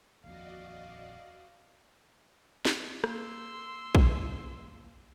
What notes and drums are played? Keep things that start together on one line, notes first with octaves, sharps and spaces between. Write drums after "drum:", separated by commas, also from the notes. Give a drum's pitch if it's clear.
D#1 A#1 F2 F#4 D5 D#5 F5
drum: snare
A#3 C6 E6, drum: rim click
drum: kick